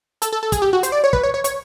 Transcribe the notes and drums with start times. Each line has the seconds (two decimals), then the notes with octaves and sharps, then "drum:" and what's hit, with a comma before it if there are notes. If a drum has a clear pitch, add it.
0.22 A4, drum: hi-hat
0.33 A4
0.43 A4
0.52 G#4, drum: kick, hi-hat
0.62 G4
0.73 F#4
0.83 C5, drum: hi-hat
0.92 D5
1.04 C#5
1.13 B4, drum: kick
1.23 C#5
1.34 C#5
1.44 C#5, drum: hi-hat